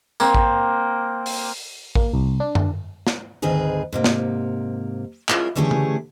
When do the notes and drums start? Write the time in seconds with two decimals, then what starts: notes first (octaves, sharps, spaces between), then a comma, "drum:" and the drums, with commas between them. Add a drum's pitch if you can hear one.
0.20 A#3 C4, drum: tambourine
0.35 drum: kick A1
1.26 drum: open hi-hat
1.95 A#3, drum: kick A1
2.14 C2
2.40 D4
2.55 drum: tom F#2
3.07 drum: snare
3.42 D2 G#2 D#3 C4 G#4 B4
3.93 G#2 C3 A#3
4.04 drum: snare
5.29 G#3 C#4 E4 F4 A#4, drum: clap
5.56 D3 E3 A3 C#4 G4 G#4
5.71 drum: tom C#3